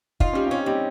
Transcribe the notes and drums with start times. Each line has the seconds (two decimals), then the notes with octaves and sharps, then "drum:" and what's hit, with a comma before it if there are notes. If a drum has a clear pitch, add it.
0.20 D#4 F4, drum: kick
0.33 G3 C#4
0.46 C4 D#4
0.51 C#4
0.66 G3 C4 D#4